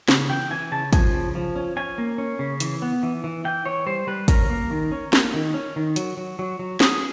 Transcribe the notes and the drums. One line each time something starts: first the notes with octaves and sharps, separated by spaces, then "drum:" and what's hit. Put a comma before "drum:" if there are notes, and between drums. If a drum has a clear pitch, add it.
C#3, drum: snare
E3 G5
E3 G#5
C#3 A5
F3 G#5, drum: kick, hi-hat
C#3
F3
C#4
C#4 G#5
A#3
C#4
C#3
E3, drum: hi-hat
B3
E3
E3
E3 G5
E3 C#5
G3 C5
G3 B4
C#4 A#4, drum: kick, hi-hat
A#3
D#3
C#4
A#3, drum: snare
D#3
C#4
D#3
F#3, drum: hi-hat
F#3
F#3
F#3
F#3 G#4, drum: snare